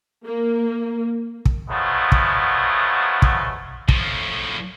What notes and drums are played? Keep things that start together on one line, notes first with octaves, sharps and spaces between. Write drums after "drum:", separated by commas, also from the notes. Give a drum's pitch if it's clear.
A#3
drum: kick
F3 F#3 G#3 A3 B3
drum: kick
drum: kick
A2 F3, drum: kick